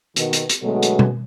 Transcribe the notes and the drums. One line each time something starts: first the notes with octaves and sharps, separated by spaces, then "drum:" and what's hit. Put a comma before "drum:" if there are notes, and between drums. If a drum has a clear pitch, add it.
B2 D#3, drum: hi-hat
drum: hi-hat
drum: hi-hat
B2 D3 F#3 G#3 A3 B3
drum: hi-hat
drum: tom B2